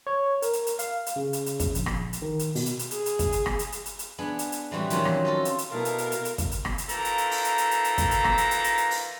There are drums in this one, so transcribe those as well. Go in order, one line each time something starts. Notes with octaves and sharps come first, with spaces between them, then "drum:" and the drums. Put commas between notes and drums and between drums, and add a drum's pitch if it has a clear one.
C#5
A#4, drum: hi-hat
drum: hi-hat
drum: hi-hat
F5, drum: hi-hat
drum: hi-hat
C#3
drum: hi-hat
drum: hi-hat
drum: kick, hi-hat
A#1, drum: hi-hat
drum: rim click
drum: hi-hat
D#3
drum: hi-hat
B2, drum: open hi-hat
drum: hi-hat
drum: hi-hat
G#4, drum: hi-hat
drum: hi-hat
drum: kick, hi-hat
drum: hi-hat
drum: rim click
drum: hi-hat
drum: hi-hat
drum: hi-hat
drum: hi-hat
B3 D4 G#4
drum: hi-hat
drum: hi-hat
A2 E3 G3 C4 F#4
D#3 F3 F#3 C4 C#4, drum: hi-hat
drum: rim click
F4 A4 D#5
drum: hi-hat
drum: hi-hat
B2 B3 E4 A4 A#4 F5
drum: hi-hat
drum: hi-hat
drum: hi-hat
drum: hi-hat
drum: kick, hi-hat
drum: hi-hat
drum: rim click
drum: hi-hat
D#3 E3 F4 A4 A#5, drum: hi-hat
drum: hi-hat
drum: hi-hat
drum: open hi-hat
drum: hi-hat
drum: hi-hat
drum: hi-hat
drum: hi-hat
drum: kick, hi-hat
drum: hi-hat
drum: rim click
drum: hi-hat
drum: hi-hat
drum: hi-hat
drum: hi-hat
drum: open hi-hat